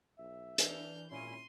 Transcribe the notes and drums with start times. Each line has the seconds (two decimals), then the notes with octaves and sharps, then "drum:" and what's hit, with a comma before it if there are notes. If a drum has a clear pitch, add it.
0.19 B1 E5
0.58 E3 D4 F6 G6, drum: hi-hat
1.10 G#1 A#2 C#4 E4 C6 D#7